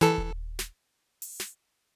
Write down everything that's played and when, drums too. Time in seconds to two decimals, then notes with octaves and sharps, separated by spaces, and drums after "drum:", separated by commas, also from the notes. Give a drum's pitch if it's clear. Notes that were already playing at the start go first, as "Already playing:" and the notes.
0.01 E3 A4, drum: snare
0.18 drum: kick D#1
0.59 drum: snare
1.22 drum: open hi-hat
1.40 drum: snare